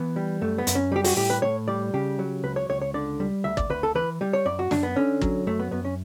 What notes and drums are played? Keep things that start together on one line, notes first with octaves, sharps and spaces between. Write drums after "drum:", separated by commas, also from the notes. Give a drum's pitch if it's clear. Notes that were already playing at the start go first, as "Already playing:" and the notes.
Already playing: E3 B3
G3
F#2 A3
B3
F#2, drum: hi-hat
C#4
G3 G4
F#4, drum: open hi-hat
A2 G4
B4
A2 C#5
G3 D5
C#3 G4
F#3
C#2 B4
C#5
C#2 C#5
C#5
D3 D5
G3
D2 E5
D5, drum: kick
D2 B4
A4
E3 B4
G3
C#5
F#2 D5
F#4
F#2 D4, drum: snare
B3
D3 C#4
F#3, drum: kick
F#2 A3
B3
F#2 B3
C#4